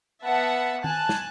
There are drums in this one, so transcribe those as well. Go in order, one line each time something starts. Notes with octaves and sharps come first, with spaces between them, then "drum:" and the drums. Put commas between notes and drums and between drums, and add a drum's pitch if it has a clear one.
B3 E5 F#5 A5
G#5 A5 F#6, drum: tom D#3
drum: snare